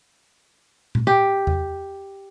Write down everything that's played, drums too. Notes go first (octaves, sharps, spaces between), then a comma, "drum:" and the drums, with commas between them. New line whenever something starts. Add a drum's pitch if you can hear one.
drum: tom A#2
G4
drum: tom E2